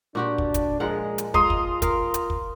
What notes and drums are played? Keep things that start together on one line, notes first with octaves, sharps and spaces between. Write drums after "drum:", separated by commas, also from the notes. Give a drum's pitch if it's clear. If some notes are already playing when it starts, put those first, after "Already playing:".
A#2 D4 F#4 G4
drum: kick
drum: kick, hi-hat
F3 G#3 A#4 F#5
drum: hi-hat
G#3 F4 A#5 C6 D#6, drum: kick
drum: kick
A#4 F5, drum: kick, hi-hat
drum: hi-hat
drum: kick